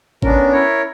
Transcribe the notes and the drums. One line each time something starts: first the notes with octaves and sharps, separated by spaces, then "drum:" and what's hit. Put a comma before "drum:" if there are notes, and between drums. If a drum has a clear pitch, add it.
B3 C#4 D4 A#4, drum: kick G#1
E4 A#4 C#5